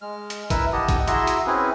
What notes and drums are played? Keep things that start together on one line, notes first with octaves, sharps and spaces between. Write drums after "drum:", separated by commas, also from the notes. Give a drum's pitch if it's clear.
G#3 F6
drum: hi-hat
E4 A#4 B4 E5, drum: kick, hi-hat
E4 G4 D#5 F#5 A5 D#6
drum: kick, hi-hat
E4 F#4 G#4 E5 A#5 C6, drum: hi-hat
drum: hi-hat
C4 C#4 E4 G#4 B4